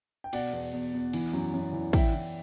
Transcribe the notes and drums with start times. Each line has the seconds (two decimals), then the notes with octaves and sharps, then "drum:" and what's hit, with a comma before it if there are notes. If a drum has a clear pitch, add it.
0.24 G5
0.33 B2 D5 F#5, drum: cymbal
0.53 E2
0.73 E2
0.93 E2
1.13 E3, drum: cymbal
1.33 F#2
1.54 F#2
1.73 E3
1.93 E3 E5 G5, drum: kick, cymbal
2.14 E3